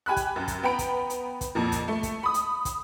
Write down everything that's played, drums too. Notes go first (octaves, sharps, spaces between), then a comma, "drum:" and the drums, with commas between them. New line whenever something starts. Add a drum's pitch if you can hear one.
G4 G#5 B5 F#6
drum: kick, hi-hat
F#2
drum: kick, hi-hat
B3 G5 A#5 B5 D7
drum: kick, hi-hat
drum: hi-hat
drum: kick, hi-hat
F2 A#2
drum: kick, hi-hat
A3
drum: kick, hi-hat
B5 D#6
drum: hi-hat
drum: kick, hi-hat